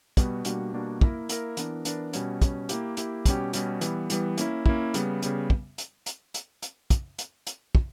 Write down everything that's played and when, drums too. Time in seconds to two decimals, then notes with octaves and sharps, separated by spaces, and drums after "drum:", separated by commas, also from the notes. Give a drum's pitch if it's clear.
0.17 B2 G3 B3 F#4, drum: kick, hi-hat
0.45 B2 G3 A#3 D4 F#4, drum: hi-hat
0.73 B2 G3 A#3 D4 F#4
1.01 A#3 E4 A#4, drum: kick
1.29 A#3 E4 A#4, drum: hi-hat
1.57 E3 B3 D4 A#4, drum: hi-hat
1.85 E3 B3 D4 A#4, drum: hi-hat
2.13 B2 G3 C#4, drum: hi-hat
2.42 B2 G3 C#4, drum: kick, hi-hat
2.69 A#3 E4 G4, drum: hi-hat
2.97 A#3 E4 G4, drum: hi-hat
3.26 B2 G3 C#4 G4, drum: kick, hi-hat
3.53 B2 G3 C#4 G4, drum: hi-hat
3.81 E3 G3 B3, drum: hi-hat
4.10 E3 G3 B3, drum: hi-hat
4.37 A#3 C#4 E4, drum: hi-hat
4.66 A#3 C#4 E4, drum: kick
4.94 C#3 G3 B3, drum: hi-hat
5.22 C#3 G3 B3, drum: hi-hat
5.50 drum: kick
5.78 drum: hi-hat
6.06 drum: hi-hat
6.34 drum: hi-hat
6.62 drum: hi-hat
6.90 drum: kick, hi-hat
7.18 drum: hi-hat
7.47 drum: hi-hat
7.75 drum: kick